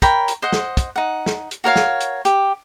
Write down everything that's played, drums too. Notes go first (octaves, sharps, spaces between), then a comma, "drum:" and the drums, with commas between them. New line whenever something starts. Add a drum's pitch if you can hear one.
A#4 C#5 G5 B5, drum: kick, hi-hat
drum: hi-hat
C5 D#5 F#5
drum: snare
drum: kick, hi-hat
D#4 F#5
drum: snare
drum: hi-hat
F#4 A#4 C#5 F5
drum: snare
drum: hi-hat
G4, drum: hi-hat